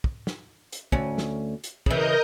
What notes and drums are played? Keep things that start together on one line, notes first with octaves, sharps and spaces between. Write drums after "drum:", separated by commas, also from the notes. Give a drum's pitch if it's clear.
drum: kick
drum: snare
drum: hi-hat
D2 C#4, drum: kick
drum: snare
drum: hi-hat
C#3 E3 A#4 D#5 G6, drum: kick